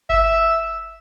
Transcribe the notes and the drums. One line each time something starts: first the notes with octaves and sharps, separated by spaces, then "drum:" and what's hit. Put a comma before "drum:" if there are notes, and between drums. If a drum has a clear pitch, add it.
E5, drum: kick G1